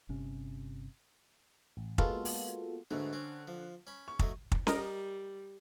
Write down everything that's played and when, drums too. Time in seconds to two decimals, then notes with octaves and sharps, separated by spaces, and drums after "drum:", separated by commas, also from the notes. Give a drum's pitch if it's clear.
0.09 G1 C3 C#4
1.77 A1
1.98 G#3 A#3 B3 F4 F#4 A4, drum: kick
2.25 drum: open hi-hat
2.91 G#2 B2 D3 A3
3.13 C4 C#4
3.48 F3
3.87 C#4 B5
4.08 C#6
4.19 F#3 A3 D#5, drum: kick
4.52 drum: kick
4.67 G3 A#4 D#5, drum: snare C#4